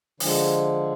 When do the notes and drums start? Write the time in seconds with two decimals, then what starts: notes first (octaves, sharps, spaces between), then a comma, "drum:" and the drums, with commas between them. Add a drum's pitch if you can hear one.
0.20 D3 F3 G#3, drum: open hi-hat